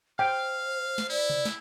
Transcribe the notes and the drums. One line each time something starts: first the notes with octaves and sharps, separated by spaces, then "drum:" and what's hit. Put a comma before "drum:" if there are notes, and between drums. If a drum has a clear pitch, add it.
C5 F5 G5
drum: snare
E4 D5
drum: tom C3
drum: snare